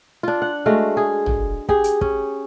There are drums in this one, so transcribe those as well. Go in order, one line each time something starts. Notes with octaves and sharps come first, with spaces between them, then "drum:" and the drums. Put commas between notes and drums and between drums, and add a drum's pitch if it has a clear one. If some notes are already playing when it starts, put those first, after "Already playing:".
D4 F4
F#5
G#3 A3 F#4 F5
G#4
drum: tom
G4 G#4, drum: kick
drum: hi-hat
C#4, drum: kick